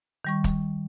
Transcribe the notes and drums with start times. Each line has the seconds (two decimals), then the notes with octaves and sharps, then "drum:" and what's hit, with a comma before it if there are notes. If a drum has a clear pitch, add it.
0.25 D#3 G3 C#6
0.44 drum: kick, hi-hat